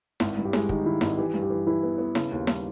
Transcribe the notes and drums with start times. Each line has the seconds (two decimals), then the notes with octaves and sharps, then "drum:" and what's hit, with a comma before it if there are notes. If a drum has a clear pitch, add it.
0.20 G#1 E4, drum: snare E4
0.37 G2
0.45 G4
0.53 G#3, drum: snare E4
0.69 D#3 G4, drum: kick
0.85 D#3 E4
1.01 G#1 D#4, drum: snare E4
1.18 E3 G4
1.34 G2
1.42 G4
1.50 E3
1.67 E3 E4
1.83 B3
1.98 B3
2.15 C#3, drum: snare E4
2.32 D#2
2.47 G3, drum: snare E4